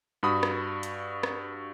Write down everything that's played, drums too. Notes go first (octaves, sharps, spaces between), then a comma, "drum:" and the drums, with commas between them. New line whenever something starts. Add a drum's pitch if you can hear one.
G2 F#4 B5 D#6
drum: rim click
drum: hi-hat
drum: rim click